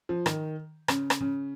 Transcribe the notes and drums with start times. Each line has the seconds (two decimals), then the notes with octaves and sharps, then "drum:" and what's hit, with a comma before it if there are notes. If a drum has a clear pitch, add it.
0.09 F3
0.26 D#3, drum: rim click
0.88 C#3, drum: rim click
1.10 drum: rim click
1.21 C#3